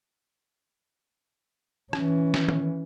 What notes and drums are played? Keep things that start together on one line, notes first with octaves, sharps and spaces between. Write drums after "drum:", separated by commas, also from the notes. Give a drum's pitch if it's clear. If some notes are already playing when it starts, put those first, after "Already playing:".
E3 C#4, drum: rim click
drum: snare
drum: tom D#3